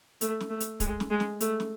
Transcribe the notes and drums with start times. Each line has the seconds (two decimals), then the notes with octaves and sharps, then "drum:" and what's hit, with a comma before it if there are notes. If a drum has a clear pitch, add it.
0.21 A3, drum: hi-hat
0.41 drum: snare
0.50 A3
0.60 drum: hi-hat
0.80 G#3, drum: kick, hi-hat
1.00 drum: snare
1.11 G#3
1.20 drum: snare
1.40 A3, drum: hi-hat
1.60 drum: snare